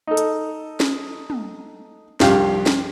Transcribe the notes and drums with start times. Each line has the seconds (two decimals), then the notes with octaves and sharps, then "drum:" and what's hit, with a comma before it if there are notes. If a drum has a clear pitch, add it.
0.07 D#4 A4
0.17 drum: hi-hat
0.80 drum: snare
1.30 drum: tom
2.20 C2 G2 F3 G4 F5, drum: snare
2.66 drum: snare